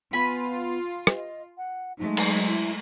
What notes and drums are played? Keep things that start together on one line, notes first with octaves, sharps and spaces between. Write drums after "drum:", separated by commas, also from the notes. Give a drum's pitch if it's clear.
B3 F4 G#5 B5
drum: rim click
D#5
F#5
F#3 G#3 A3 D#4
drum: cymbal
E4